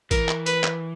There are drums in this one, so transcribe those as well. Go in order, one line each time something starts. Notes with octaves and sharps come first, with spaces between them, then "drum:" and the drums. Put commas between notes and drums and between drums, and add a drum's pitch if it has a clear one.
E3 A#4, drum: kick, hi-hat
drum: clap
B4, drum: hi-hat
drum: clap